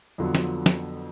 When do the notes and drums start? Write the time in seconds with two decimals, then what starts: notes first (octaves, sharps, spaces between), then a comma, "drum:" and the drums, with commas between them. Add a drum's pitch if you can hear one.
0.18 F2 D3 F#3 B3 F4
0.35 drum: snare
0.66 drum: snare